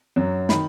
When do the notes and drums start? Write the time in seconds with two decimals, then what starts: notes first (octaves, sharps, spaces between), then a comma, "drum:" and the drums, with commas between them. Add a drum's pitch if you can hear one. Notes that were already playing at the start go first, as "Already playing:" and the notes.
0.16 F#2 F#3
0.49 D#3 B5, drum: snare